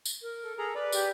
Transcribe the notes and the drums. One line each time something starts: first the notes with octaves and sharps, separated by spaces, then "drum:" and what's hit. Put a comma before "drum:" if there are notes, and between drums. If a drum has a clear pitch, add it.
drum: tambourine
A#4
A4
G#4 A4 A#5
B4 D5 B5
G4, drum: tambourine